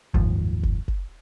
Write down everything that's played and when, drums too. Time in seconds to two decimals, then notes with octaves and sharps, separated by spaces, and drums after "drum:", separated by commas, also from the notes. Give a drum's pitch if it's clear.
0.14 F#1 D#2 G#2 F3, drum: kick F#1
0.63 drum: kick F#1
0.88 drum: kick F#1